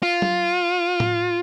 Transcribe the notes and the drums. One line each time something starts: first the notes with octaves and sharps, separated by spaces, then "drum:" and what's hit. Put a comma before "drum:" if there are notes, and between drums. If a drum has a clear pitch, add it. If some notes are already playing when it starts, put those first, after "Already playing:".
F4
drum: tom
drum: tom A2